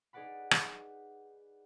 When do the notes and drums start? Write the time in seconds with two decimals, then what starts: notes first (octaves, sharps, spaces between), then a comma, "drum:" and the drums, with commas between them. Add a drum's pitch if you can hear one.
0.13 D#4 G#4 B4 D5 F#5 B5
0.51 drum: rim click